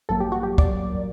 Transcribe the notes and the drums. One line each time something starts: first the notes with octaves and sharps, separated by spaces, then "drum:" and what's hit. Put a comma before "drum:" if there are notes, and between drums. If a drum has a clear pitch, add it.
A1 G2 F#3 A#3 A4
G4
F#4
G4
D5, drum: kick